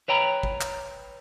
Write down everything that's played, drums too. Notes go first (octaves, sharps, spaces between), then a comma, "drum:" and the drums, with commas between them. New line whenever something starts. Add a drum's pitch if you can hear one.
B4 C#5 G5 A#5 B5
drum: kick
drum: clap